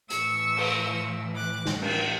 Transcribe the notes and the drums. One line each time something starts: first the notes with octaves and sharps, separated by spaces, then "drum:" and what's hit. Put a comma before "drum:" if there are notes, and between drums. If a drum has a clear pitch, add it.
A2 E3 C#6 E6, drum: hi-hat
drum: cymbal
D6 F#6
drum: snare
drum: cymbal